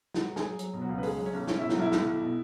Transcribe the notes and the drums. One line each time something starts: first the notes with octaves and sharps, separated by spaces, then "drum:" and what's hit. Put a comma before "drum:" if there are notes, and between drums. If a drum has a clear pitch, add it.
F#3 F#4 F#5, drum: snare
F#3
G#4 G#5, drum: snare
F#3
F#3, drum: hi-hat
B2
F#3 F#4
C#2
B4
B1 G#3 G#4, drum: open hi-hat
F#3
C#4 C#5
B1
B1 C#4 C#5, drum: snare
B2 E4 E5
F#3 F#4, drum: snare
B1 E4
B1, drum: snare
B1
B2